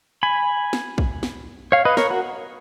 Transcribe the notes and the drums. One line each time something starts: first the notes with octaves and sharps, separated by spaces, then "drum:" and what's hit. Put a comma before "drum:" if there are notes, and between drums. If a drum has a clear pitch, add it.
G#5 B5
drum: snare
drum: kick
drum: snare
C#5 F5
B4 D#5
A#4 C#5, drum: snare
F#4 A#4